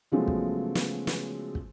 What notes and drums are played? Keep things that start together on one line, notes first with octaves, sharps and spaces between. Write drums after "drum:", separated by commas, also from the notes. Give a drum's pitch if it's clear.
C#3 F3 F#3 G#3 A3 B3
drum: kick
drum: snare
drum: snare
drum: kick